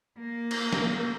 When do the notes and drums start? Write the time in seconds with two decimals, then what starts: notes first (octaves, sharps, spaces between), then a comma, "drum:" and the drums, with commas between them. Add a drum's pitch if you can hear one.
0.20 A#3
0.51 drum: cymbal
0.73 drum: snare